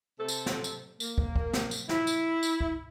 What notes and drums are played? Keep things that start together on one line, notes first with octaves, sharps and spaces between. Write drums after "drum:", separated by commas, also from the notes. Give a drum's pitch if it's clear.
C3 A4
drum: tambourine
drum: snare
drum: tambourine
A#3, drum: tambourine
drum: kick
drum: kick
drum: snare
drum: tambourine
E4, drum: snare
drum: tambourine
drum: tambourine
drum: kick